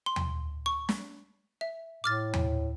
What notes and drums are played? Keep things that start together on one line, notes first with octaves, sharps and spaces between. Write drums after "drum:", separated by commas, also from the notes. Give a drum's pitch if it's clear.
C6
drum: tom D#2
C#6
drum: snare
E5
A2 D6 F6 A6
drum: tom D#2